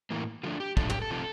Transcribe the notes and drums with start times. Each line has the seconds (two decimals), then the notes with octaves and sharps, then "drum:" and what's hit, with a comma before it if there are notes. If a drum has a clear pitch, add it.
0.10 A2 E3 A#3
0.43 D3 F3 A3 D4 F4
0.60 G4
0.77 D3 F3 A3 D4 A4, drum: kick
0.89 G4, drum: tom
1.02 A4
1.10 C3 F3